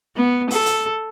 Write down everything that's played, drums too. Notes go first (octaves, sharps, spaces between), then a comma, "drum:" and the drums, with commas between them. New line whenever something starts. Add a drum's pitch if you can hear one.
B3
A4, drum: open hi-hat
drum: hi-hat